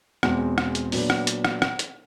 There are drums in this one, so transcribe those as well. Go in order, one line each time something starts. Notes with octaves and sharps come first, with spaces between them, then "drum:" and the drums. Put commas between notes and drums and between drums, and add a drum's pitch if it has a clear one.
E2 B2 G#3 C4, drum: rim click
drum: rim click
drum: hi-hat
A#2 F#3 B3 D4, drum: open hi-hat
drum: rim click
drum: hi-hat
drum: rim click
drum: rim click
drum: hi-hat